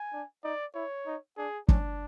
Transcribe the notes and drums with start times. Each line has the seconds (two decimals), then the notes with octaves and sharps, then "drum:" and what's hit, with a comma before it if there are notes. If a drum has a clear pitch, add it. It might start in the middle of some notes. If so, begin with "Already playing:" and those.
Already playing: G#5
0.13 D4
0.44 D#4 D5
0.75 E4 C#5
1.06 D#4
1.37 D4 G#4
1.68 C#4 D4, drum: kick